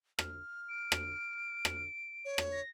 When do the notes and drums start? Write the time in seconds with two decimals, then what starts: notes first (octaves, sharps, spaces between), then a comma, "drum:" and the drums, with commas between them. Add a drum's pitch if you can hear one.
0.19 F6, drum: rim click
0.69 D7
0.92 drum: rim click
1.65 drum: rim click
2.25 C#5
2.38 drum: rim click
2.52 A#6